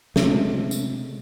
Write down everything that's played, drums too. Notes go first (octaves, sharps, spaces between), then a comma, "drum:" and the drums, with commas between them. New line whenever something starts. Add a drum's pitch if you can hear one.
C3 G#3 A3, drum: snare
drum: tambourine